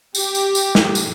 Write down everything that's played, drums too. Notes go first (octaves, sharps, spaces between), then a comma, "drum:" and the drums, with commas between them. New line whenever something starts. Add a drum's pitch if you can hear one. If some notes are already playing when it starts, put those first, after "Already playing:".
G4, drum: tambourine
drum: tambourine
drum: tambourine
drum: snare
drum: tambourine